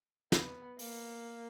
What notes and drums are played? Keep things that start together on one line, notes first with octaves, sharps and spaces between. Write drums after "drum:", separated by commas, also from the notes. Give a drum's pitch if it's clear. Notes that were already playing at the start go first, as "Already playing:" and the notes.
B3, drum: snare
A#3, drum: open hi-hat